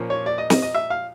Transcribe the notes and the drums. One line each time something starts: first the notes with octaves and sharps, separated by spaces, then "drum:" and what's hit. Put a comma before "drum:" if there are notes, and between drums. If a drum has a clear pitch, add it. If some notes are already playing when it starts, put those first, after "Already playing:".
Already playing: A#2 F3 A#3 C#4
C#5
D5
D#5
D#5, drum: snare
D#5
E5
F5